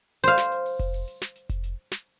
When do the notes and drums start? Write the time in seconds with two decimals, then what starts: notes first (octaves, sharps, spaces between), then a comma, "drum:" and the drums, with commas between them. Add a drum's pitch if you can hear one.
0.24 C5 F5, drum: hi-hat
0.38 drum: snare
0.52 drum: hi-hat
0.66 drum: open hi-hat
0.80 drum: kick F1, hi-hat
0.94 drum: open hi-hat
1.08 drum: hi-hat
1.22 drum: snare
1.36 drum: hi-hat
1.50 drum: kick F1, hi-hat
1.64 drum: hi-hat
1.92 drum: snare